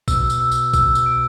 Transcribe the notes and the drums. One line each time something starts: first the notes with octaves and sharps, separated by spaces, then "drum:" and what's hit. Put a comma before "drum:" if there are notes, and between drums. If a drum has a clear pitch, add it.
B2 E6, drum: kick, tambourine
drum: tambourine
E6
drum: tambourine
E6, drum: kick, tambourine
drum: tambourine
D7